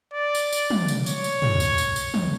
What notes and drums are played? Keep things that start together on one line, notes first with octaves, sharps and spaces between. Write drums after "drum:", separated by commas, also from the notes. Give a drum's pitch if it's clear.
D5
drum: tambourine
drum: tambourine
drum: tom
drum: tambourine
C#5, drum: tambourine
drum: tambourine
drum: tom
drum: tambourine
drum: tambourine
drum: tambourine
drum: tom